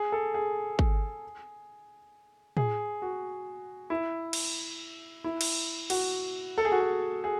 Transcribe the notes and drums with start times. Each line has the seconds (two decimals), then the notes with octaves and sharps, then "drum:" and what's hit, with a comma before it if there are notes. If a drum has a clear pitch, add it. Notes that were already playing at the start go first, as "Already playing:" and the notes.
Already playing: G#4
0.12 A4
0.34 G#4
0.79 drum: kick
2.57 G#4, drum: tom A2
3.02 F#4
3.90 E4
4.33 drum: cymbal
5.24 E4
5.41 drum: cymbal
5.90 F#4, drum: cymbal
6.58 A4
6.65 G#4
6.72 F#4
6.80 G#4
7.24 G#4